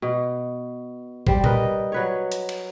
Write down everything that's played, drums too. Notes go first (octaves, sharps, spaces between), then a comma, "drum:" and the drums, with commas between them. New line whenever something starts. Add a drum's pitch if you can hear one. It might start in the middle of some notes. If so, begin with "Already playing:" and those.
B2
G3 G4 C5, drum: kick A1
A#4 B4 D#5, drum: tom A#2
F#3 B4 C#5
drum: hi-hat
drum: cymbal